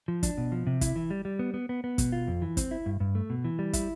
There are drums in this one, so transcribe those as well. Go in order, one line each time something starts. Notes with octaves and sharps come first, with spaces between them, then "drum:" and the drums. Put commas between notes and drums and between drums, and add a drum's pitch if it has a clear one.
F3
D4, drum: kick, hi-hat
B2
F3
C3
E4, drum: kick, hi-hat
E3
G3
G3
B3
B3
B3
B3
B2, drum: kick, hi-hat
F4
F2
E3
C4, drum: kick, hi-hat
E4
G2
G2
A3
B2
E3
G3
E4, drum: kick, hi-hat